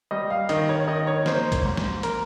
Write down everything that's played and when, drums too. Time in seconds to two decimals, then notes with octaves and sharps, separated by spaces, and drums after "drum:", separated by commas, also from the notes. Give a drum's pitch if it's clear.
0.11 G3 D#5
0.30 F5
0.49 D#3 D#5, drum: hi-hat
0.69 C#5
0.88 D#3 D#5
1.07 C#5
1.26 A#3 C5, drum: snare
1.52 drum: kick, hi-hat
1.65 G#2
1.77 drum: snare
2.03 A#4, drum: hi-hat